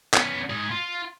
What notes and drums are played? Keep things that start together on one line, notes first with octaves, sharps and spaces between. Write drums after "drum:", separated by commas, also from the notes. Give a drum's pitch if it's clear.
B3 C#4, drum: clap
G#2 G#4
F4